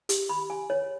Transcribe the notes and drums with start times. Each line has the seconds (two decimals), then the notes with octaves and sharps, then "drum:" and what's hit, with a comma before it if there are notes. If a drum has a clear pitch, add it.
0.09 G4, drum: hi-hat
0.29 B5
0.50 G#5
0.70 C#5